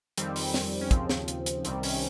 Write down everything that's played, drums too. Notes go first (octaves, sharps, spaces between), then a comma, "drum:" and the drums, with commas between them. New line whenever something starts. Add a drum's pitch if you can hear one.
F2 D#3 G3 C4, drum: hi-hat
drum: open hi-hat
drum: snare
C#4
D#2 C#3 F3 C4, drum: kick, hi-hat
drum: snare
drum: hi-hat
drum: hi-hat
C2 C3 D#3 G3 C4, drum: hi-hat
C#4, drum: open hi-hat